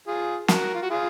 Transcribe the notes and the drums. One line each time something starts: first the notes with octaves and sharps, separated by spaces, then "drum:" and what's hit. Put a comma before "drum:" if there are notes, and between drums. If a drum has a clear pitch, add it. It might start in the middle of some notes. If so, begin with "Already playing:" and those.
F4 G#4
F#4 A#4, drum: snare
F4
F#4
F4 G#4